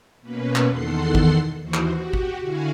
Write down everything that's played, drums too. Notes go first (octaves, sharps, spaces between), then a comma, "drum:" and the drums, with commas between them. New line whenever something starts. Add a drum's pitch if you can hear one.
B2 A#3 C#4 B4
drum: clap
E2 D#3 A4 F#5 C6 C7
drum: kick G#1
D#2 E3 F#4 C5
drum: clap
F#4 G4
drum: kick G#1
D3 E4 F#4 F5 G#5